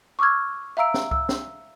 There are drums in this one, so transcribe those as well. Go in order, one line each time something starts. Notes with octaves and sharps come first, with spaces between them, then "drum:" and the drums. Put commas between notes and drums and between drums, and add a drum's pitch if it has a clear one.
C#6 D6 E6 F6 G#6
E5 F5 A#5 E6 D7
drum: snare
E6, drum: kick C2
drum: snare